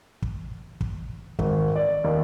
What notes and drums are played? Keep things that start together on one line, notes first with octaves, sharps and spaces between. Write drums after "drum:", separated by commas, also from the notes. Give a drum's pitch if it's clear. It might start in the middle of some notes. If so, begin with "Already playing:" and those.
drum: kick
drum: kick
G#1, drum: kick
D5
D#2